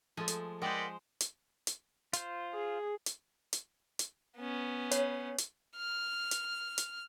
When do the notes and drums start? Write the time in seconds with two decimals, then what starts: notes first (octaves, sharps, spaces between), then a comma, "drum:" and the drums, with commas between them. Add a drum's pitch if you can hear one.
0.17 F3 G#3 A3 A4 G#5
0.28 drum: hi-hat
0.62 G#3 B3 A#4 C5 D5 D#5 F#5 G5
1.20 drum: hi-hat
1.67 drum: hi-hat
2.13 F4 C5, drum: hi-hat
2.53 G#4
3.06 drum: hi-hat
3.53 drum: hi-hat
3.99 drum: hi-hat
4.37 B3 C#4
4.91 C#5, drum: hi-hat
5.38 drum: hi-hat
5.77 F6
6.31 drum: hi-hat
6.78 drum: hi-hat